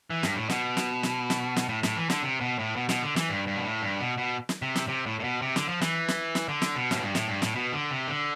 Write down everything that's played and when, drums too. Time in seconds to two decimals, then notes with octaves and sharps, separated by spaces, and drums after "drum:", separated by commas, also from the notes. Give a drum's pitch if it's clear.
0.10 E3
0.23 G2, drum: snare
0.36 A2
0.49 B2, drum: snare
0.77 drum: snare
1.03 drum: snare
1.30 drum: snare
1.56 drum: snare
1.69 A2
1.83 A2, drum: snare
1.96 E3
2.10 D3, drum: snare
2.23 C3
2.41 B2
2.59 A2
2.76 B2
2.89 B2, drum: snare
3.03 D3
3.16 E3, drum: snare
3.29 G2
3.47 G2
3.57 B2
3.64 A2
3.82 G2
4.00 B2
4.18 B2
4.49 drum: snare
4.62 C3
4.75 drum: snare
4.88 C3
5.06 A2
5.20 A2
5.24 B2
5.42 C3
5.56 D3, drum: snare
5.69 F3
5.81 E3, drum: snare
6.08 drum: snare
6.35 drum: snare
6.49 D3
6.62 drum: snare
6.75 B2
6.91 A2, drum: snare
7.01 G2
7.15 A2, drum: snare
7.28 G2
7.42 A2, drum: snare
7.55 B2
7.72 D3
7.91 C3
8.08 D3